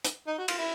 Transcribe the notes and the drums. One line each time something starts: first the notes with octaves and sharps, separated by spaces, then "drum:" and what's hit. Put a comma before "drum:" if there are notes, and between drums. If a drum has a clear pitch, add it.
drum: hi-hat
D#4
F#4
F4, drum: cymbal
E4